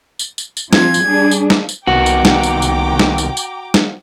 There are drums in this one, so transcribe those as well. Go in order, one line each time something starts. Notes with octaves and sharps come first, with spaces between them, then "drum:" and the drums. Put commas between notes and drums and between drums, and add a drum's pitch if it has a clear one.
drum: tambourine
drum: tambourine
drum: tambourine
F3 C4 F4 G#6, drum: snare
drum: tambourine
G3 D4 G#4
drum: tambourine
drum: snare
drum: tambourine
C2 D#3 A#3 B3 F#4 G5 A#5 D6
drum: tambourine
drum: snare
drum: tambourine
drum: tambourine
drum: snare
drum: tambourine
drum: tambourine
drum: snare